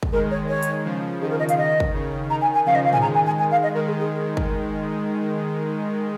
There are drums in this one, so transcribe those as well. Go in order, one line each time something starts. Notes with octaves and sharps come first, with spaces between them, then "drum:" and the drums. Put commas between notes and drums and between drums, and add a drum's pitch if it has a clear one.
drum: kick
D#3 G#3 A#4
C#5
C#5
drum: hi-hat
C#3 F3
D#3 G#4
A#4
D#5
F5, drum: hi-hat
D#5
drum: kick
C#3
D#3 A#5
G#5
G#5
C#3 F3 F5
D#5
F5
G#5, drum: tom A2
D#3 G#3 A#5
G#5
G#5
G#5
F5
D#5
D#3 G#3 A#4
G#4
G#4
drum: kick